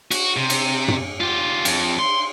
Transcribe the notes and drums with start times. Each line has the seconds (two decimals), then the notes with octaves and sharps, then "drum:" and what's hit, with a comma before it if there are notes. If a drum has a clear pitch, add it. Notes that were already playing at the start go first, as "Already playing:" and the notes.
0.11 F#4, drum: cymbal
0.37 C3
0.50 drum: cymbal
0.88 drum: tom
1.21 F4 G4
1.65 F2, drum: cymbal
1.99 C6